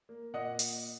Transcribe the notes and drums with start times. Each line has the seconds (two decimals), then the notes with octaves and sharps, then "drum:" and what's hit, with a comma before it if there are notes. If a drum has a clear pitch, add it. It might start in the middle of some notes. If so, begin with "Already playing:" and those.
0.09 A#3
0.33 A#2 D#5 F#5
0.59 drum: hi-hat